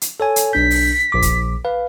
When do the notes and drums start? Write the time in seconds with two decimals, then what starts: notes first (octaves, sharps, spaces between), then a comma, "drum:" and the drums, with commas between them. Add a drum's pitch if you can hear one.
0.01 drum: hi-hat
0.20 A4 C#5 G#5
0.36 drum: hi-hat
0.53 B1 D4 G6 B6
0.71 drum: open hi-hat
1.12 A#1 D6
1.22 drum: kick, hi-hat
1.65 B4 F5